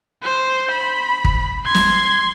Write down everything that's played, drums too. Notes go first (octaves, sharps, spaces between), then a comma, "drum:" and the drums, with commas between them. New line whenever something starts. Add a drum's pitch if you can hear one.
C5
B5
drum: kick
C6 G#6
drum: snare